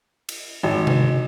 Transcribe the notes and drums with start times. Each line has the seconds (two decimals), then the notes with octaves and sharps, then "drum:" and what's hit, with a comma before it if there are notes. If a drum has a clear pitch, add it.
0.29 drum: cymbal
0.63 G#1
0.87 drum: tom C3